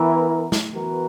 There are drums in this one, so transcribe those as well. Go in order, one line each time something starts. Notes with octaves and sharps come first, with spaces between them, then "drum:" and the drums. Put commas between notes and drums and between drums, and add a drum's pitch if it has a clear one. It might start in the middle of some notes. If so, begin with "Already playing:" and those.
Already playing: E3 B3 E4 A#4
drum: snare
E3 B3 F#4 A#4